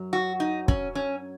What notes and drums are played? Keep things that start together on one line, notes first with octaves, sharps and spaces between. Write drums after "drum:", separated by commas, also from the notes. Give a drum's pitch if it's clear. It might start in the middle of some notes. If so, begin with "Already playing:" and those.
Already playing: F#2 F#3
F#4
D#4
C#4, drum: kick
C#4